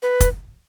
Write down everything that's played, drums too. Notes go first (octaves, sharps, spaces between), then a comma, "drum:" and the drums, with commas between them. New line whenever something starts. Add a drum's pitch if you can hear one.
B4
drum: kick, hi-hat